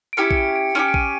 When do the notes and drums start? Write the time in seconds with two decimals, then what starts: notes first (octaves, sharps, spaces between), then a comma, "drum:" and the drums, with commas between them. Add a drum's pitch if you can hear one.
0.13 D7
0.17 C#4 E4 G4 C#7
0.31 C#7, drum: kick A#1
0.37 D7
0.56 D7
0.75 C#4 E4 G4 D7
0.88 D7
0.94 D#7, drum: kick A#1